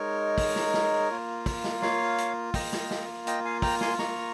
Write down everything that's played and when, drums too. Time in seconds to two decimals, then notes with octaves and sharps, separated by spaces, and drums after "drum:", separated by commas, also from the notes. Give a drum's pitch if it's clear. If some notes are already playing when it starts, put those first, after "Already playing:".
Already playing: G#3 D#4 A#4 C#5
0.38 drum: kick, open hi-hat
0.56 drum: snare
0.74 drum: snare
1.11 A#3 F4
1.46 drum: kick, open hi-hat
1.64 drum: snare
1.82 C#5 F5, drum: snare
2.18 drum: hi-hat
2.54 A#3 F4 D#5 G5, drum: kick, open hi-hat
2.73 drum: snare
2.91 drum: snare
3.27 D#5 G5, drum: hi-hat
3.45 F5 G#5
3.62 G5 A#5, drum: kick, open hi-hat
3.81 G#5 C6, drum: snare
3.99 A#3 F4 A#5 C#6, drum: snare